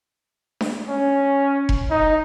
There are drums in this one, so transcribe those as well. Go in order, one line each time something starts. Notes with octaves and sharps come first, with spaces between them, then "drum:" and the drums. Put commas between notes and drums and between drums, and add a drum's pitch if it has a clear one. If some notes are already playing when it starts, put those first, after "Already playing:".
drum: snare D4
C#4
drum: kick F1
D#4